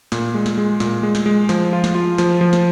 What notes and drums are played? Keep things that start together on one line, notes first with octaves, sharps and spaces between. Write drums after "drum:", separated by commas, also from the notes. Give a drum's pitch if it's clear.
A#2, drum: snare
G#3
drum: snare
G#3
A#2, drum: snare
G#3
drum: snare
G#3
F3, drum: snare
F4
drum: snare
F4
F3, drum: snare
F3
drum: snare